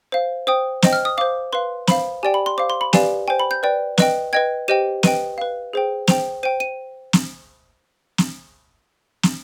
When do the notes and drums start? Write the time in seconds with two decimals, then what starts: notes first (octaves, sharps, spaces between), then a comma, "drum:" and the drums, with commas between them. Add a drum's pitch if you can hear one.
0.12 C5 F5
0.47 C5 G5 D#6
0.82 C5 D#5 G5, drum: snare
0.93 F6
1.05 D#6
1.18 C5 F5 D6
1.53 B4 F5 C6
1.87 C5 F5 B5, drum: snare
2.23 G4 D5 G5 G#5
2.34 B5
2.46 C6
2.58 C5 F5 D6
2.70 C6
2.81 B5
2.93 G4 B4 D5 F5 G#5, drum: snare
3.28 C5 G5 G#5
3.40 B5
3.51 G6
3.63 B4 D5 G5
3.98 B4 D#5 G5, drum: snare
4.33 B4 D#5 G5 G#6
4.68 G4 C5 D#5 G5 D#7
5.03 B4 D#5 G5 D#7, drum: snare
5.38 B4 F5
5.73 G#4 C5 G5
6.08 C5 G5 F7, drum: snare
6.43 C5 G5 D#7
6.60 D#7
7.13 drum: snare
8.18 drum: snare
9.23 drum: snare